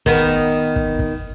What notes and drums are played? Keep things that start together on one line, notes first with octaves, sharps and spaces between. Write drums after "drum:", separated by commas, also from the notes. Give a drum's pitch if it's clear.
D#3 B3, drum: kick
drum: kick
drum: kick